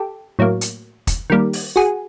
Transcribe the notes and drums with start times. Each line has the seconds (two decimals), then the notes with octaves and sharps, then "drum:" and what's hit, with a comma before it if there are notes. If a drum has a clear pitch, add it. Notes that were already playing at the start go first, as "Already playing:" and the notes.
Already playing: G4 A4
0.39 A2 F#3 A#3
0.61 drum: hi-hat
1.07 drum: kick, hi-hat
1.30 D#3 G3 A#3
1.53 drum: open hi-hat
1.76 F#4 G#4